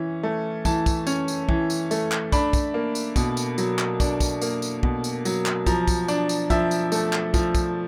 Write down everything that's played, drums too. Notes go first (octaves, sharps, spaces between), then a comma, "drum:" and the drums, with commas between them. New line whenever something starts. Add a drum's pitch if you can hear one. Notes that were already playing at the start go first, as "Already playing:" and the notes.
Already playing: E3 C#4
A3
E3 A5, drum: kick, tambourine
drum: kick, tambourine
C#4, drum: tambourine
drum: tambourine
E3, drum: kick
drum: tambourine
A3, drum: tambourine
drum: clap
D4 B5, drum: kick, tambourine
drum: kick, tambourine
A#3
drum: tambourine
B2, drum: kick, tambourine
drum: tambourine
F#3, drum: tambourine
drum: clap
D4, drum: kick, tambourine
drum: kick, tambourine
A#3, drum: tambourine
drum: tambourine
B2, drum: kick
drum: tambourine
F#3, drum: tambourine
drum: clap
F3 A#5, drum: kick, tambourine
drum: kick, tambourine
D4, drum: tambourine
drum: tambourine
F3 E5, drum: kick, tambourine
drum: tambourine
A3, drum: tambourine
drum: clap
F3, drum: kick, tambourine
drum: kick, tambourine